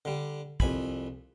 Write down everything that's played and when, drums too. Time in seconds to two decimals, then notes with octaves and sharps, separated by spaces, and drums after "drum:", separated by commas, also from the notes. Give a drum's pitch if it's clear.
0.05 D3 G3
0.60 C2 F2 G#5 B5, drum: kick